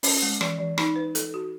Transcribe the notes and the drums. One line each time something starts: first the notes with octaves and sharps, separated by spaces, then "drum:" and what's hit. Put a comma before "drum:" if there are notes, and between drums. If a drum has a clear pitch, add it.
C#4, drum: open hi-hat
G#3
E3, drum: rim click
E3
D#4, drum: rim click
B4
A4, drum: hi-hat
F#4